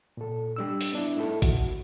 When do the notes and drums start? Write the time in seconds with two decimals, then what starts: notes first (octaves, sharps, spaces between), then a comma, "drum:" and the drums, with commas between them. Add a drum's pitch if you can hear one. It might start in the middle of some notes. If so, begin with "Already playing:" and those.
0.17 A#2 A4
0.56 G3 D4 E6
0.81 drum: open hi-hat
0.93 B3 D4 E4
1.17 A3 D#4 E4 A4
1.42 F#4, drum: kick A1, hi-hat